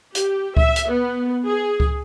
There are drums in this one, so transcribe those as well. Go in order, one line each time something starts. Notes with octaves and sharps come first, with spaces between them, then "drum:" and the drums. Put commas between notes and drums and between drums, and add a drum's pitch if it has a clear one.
G4, drum: hi-hat
E5, drum: kick C#2
drum: hi-hat
B3
G#4
drum: kick C#2